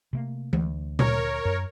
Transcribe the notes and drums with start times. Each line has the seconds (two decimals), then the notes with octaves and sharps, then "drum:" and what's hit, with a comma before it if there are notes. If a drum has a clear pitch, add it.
0.13 C3 A3 A#3
0.53 D2, drum: tom E3
0.99 A#4 C#5, drum: tom A#2
1.45 F#2